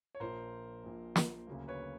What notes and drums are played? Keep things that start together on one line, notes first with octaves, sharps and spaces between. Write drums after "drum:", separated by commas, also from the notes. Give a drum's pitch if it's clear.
C#5
A#1 A#2 F3 A#4 C5
A#1 A#2 F3
drum: snare
D2 C#3 F#3 A#3
B4 C#5